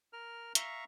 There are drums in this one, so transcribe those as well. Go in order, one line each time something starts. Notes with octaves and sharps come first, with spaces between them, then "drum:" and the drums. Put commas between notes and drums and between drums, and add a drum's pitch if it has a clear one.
A#4 F6
E5 F5 A#5 C#6, drum: hi-hat